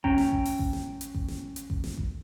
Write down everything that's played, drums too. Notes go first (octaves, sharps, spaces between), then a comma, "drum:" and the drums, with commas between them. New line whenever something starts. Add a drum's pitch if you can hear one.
C#4 G5 A#5, drum: kick A1
drum: snare
drum: kick A1
drum: open hi-hat
drum: kick A1
drum: snare
drum: hi-hat
drum: kick A1
drum: snare
drum: hi-hat
drum: kick A1
drum: snare
drum: kick A1